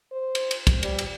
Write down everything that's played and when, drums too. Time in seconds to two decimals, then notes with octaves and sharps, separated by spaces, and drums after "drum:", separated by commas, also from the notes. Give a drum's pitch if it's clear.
0.12 C5
0.35 drum: cymbal
0.51 drum: cymbal
0.67 drum: kick, cymbal
0.83 G3, drum: cymbal
0.99 drum: cymbal